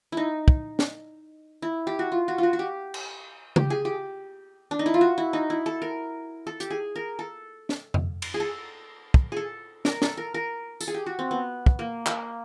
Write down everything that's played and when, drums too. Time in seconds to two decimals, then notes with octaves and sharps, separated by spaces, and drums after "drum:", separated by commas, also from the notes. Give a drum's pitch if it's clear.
0.12 D#4 E4
0.48 drum: kick
0.79 drum: snare
1.62 E4
1.87 G4
1.99 F#4
2.12 F4
2.28 F#4
2.38 F4 F#4
2.53 F#4
2.59 G4
2.94 drum: cymbal
3.56 G4, drum: tom C#3
3.70 G#4
3.85 G4
4.71 D4
4.79 D#4
4.86 E4
4.94 F4
5.01 F#4
5.18 E4
5.33 D#4
5.50 E4
5.66 A4
5.82 A#4
6.47 A4
6.60 G4, drum: hi-hat
6.70 G#4
6.96 A#4
7.19 A4
7.69 drum: snare
7.94 drum: tom
8.22 drum: cymbal
8.34 G#4
8.40 A4
9.14 drum: kick
9.32 G#4 A4
9.85 A#4, drum: snare
10.02 A4, drum: snare
10.17 A#4
10.34 A#4
10.81 A4, drum: tambourine
10.88 G#4
10.94 G4
11.06 F#4
11.19 C4
11.31 B3
11.66 drum: kick
11.79 A#3
12.06 A#3, drum: clap